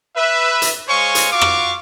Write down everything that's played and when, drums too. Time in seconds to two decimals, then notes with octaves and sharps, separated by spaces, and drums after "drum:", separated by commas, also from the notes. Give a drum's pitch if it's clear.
0.16 B4 E5
0.62 drum: hi-hat
0.88 G#3 C5 C#5 F5 G#5 C#6
1.15 drum: hi-hat
1.32 F4 F#4 F5 C#6 D6
1.41 drum: rim click